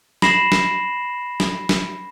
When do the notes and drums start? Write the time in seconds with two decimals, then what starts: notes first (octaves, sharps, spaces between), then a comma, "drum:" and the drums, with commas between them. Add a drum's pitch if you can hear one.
0.22 B5 A#6 C7 E7 F#7, drum: snare
0.52 drum: snare
1.40 drum: snare
1.69 drum: snare